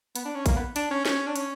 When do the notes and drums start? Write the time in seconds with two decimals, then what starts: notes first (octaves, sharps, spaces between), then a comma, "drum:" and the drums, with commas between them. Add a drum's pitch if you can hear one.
0.15 B3, drum: hi-hat
0.25 D4
0.35 C#4
0.46 A#3, drum: kick A#1, hi-hat
0.56 B3
0.76 D4, drum: hi-hat
0.91 C#4
1.05 C#4, drum: snare
1.27 D4
1.36 C#4, drum: hi-hat